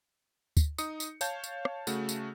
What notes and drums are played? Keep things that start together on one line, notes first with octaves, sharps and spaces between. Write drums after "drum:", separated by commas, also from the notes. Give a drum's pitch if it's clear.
drum: kick, tambourine
D#4 D#6 C#7, drum: tambourine
drum: tambourine
C#5 F5 A5 G6, drum: tambourine
drum: tambourine
drum: rim click
C#3 A3 F#4, drum: tambourine
drum: tambourine